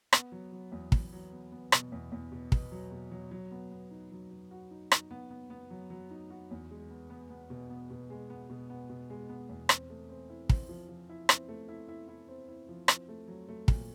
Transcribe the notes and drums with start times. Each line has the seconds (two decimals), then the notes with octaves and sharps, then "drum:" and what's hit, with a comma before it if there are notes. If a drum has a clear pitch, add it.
0.13 B3, drum: rim click
0.32 F#3
0.52 F#3
0.72 E2
0.92 E2, drum: kick
1.13 F#3
1.32 B3
1.52 B3
1.72 B2, drum: rim click
1.92 E2
2.12 E2
2.32 B2
2.52 B2, drum: kick
2.72 F#3
2.92 B2
3.11 F#3
3.31 F#3
3.51 B3
3.71 B3
3.91 D#4
4.11 F#3
4.31 F#3
4.51 F#4
4.71 D#4
4.92 D#4, drum: rim click
5.11 B3
5.31 B3
5.50 B3
5.71 F#3
5.90 F#3
6.11 D#4
6.30 F#4
6.51 E2
6.71 G#3
6.90 B3
7.10 B3
7.30 B3
7.50 B2
7.70 B3
7.90 B2
8.10 G#3
8.30 B3
8.50 B2
8.70 B3
8.90 B2
9.10 G#3
9.29 B3
9.49 E2
9.69 C4, drum: rim click
9.90 A3
10.09 C4
10.30 E4
10.49 C4, drum: kick
10.69 F3
10.89 F3
11.09 E4
11.29 C4, drum: rim click
11.49 A3
11.69 E4
11.88 E4
12.08 E4
12.28 C4
12.48 E4
12.69 F3
12.88 C4, drum: rim click
13.09 A3
13.28 F#3
13.49 A3
13.68 A#2, drum: kick